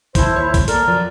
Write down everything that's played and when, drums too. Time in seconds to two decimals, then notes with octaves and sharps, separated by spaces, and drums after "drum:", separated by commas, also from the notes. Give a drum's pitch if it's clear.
0.15 E3 E4 C5 A5, drum: kick B1, hi-hat
0.32 D#2 C#5
0.54 drum: kick B1, hi-hat
0.68 A#3 A4 A#4 D5, drum: hi-hat
0.87 F2 F3 F#3 D5